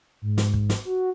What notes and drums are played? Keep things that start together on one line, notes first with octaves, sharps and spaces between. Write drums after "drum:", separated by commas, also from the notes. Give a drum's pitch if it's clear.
G#2
drum: snare
drum: kick
drum: snare
F#4